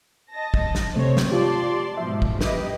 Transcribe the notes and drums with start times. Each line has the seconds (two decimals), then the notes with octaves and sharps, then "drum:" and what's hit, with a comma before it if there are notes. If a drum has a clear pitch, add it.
0.31 D#5 A5 A#6
0.54 drum: kick
0.75 drum: snare
0.96 C3 A3 C4 C5 C#5
1.17 drum: snare
1.31 F4 G4 D5 A5 C6
1.97 G#2 B2 F3 E5
2.22 drum: kick
2.41 G4 B4 D#5, drum: snare